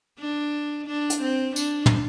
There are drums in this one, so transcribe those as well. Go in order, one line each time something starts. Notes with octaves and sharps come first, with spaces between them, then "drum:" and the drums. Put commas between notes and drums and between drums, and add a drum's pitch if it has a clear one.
D4
D4
drum: hi-hat
C4
D4, drum: tambourine
drum: tom